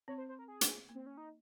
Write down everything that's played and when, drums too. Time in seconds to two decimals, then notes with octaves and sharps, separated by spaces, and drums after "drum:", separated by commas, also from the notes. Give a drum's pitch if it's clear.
0.08 C4 C#5
0.18 C5
0.29 C5
0.39 A#4
0.48 G#4
0.61 drum: hi-hat
0.89 A#3
0.95 C4
1.06 C#4
1.17 D#4